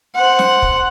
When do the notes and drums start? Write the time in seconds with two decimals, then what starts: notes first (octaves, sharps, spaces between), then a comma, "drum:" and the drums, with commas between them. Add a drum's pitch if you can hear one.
0.15 C5 F#5
0.39 drum: snare
0.62 drum: kick